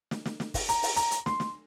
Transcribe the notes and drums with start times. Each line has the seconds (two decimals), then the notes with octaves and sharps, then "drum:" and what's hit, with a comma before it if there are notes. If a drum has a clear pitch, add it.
0.11 drum: snare
0.26 drum: snare
0.40 drum: snare
0.54 drum: kick, open hi-hat
0.69 A#5, drum: hi-hat
0.83 drum: open hi-hat
0.96 A#5, drum: hi-hat
1.11 drum: hi-hat
1.26 C6, drum: snare
1.40 drum: snare